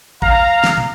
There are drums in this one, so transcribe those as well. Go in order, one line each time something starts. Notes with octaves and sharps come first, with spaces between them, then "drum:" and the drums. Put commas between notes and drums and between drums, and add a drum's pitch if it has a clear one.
F5 A#5, drum: kick A#1
drum: snare
drum: tom